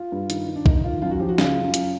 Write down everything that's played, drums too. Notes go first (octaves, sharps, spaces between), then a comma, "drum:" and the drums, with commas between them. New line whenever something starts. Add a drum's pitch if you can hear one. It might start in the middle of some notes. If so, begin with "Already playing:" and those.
Already playing: F4
G2
D#3, drum: hi-hat
D#3
D4
D#3 D#4, drum: kick B1
D#3 F4
F#2 F4
F#4
F3 G4
F#4
C#3 F4, drum: snare
F#2
F#2, drum: hi-hat